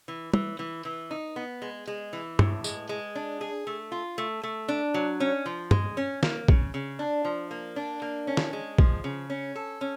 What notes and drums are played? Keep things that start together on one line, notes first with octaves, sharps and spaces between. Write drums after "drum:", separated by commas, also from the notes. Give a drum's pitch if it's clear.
E3
E3, drum: tom
E3
E3
D#4
B3
G#3
G#3
E3
A2, drum: tom G2
G#3, drum: tambourine
G#3
D4
G#4
A3
F4
A3
A3
D4
F#3
C#4
F3
G#3, drum: tom G2
C#4
A#3, drum: snare
C#3, drum: kick
C#3
D4
F3
A#3
D4
A#3
C#4
drum: snare
G#3
F3, drum: kick
C#3
C#4
A4
C#4